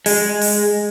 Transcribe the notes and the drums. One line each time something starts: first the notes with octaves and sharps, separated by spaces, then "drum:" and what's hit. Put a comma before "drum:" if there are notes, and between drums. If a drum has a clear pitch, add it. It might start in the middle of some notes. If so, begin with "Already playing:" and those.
G#3, drum: open hi-hat
drum: open hi-hat